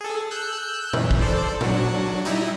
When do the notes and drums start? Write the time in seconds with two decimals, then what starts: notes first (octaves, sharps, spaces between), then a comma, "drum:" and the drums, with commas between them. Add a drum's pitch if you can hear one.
0.01 G#4 A4
0.31 E6 F#6 G6
0.93 F#2 E3, drum: tom A#2
1.11 drum: kick
1.21 A4 C5 D5
1.61 F#3 D4 F#4, drum: tom A#2
2.25 G3 D#4 E4, drum: hi-hat